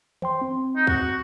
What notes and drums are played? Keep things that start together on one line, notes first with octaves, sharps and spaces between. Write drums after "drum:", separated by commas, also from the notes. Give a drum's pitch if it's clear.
C5 G5 C6, drum: tom
C4
D#4
F#4, drum: kick